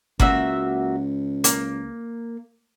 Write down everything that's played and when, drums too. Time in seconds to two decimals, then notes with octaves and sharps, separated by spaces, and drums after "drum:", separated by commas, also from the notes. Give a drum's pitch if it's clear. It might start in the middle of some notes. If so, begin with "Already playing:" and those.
0.20 C#2 A#3 F#4 E5, drum: kick G1
1.44 A#3, drum: hi-hat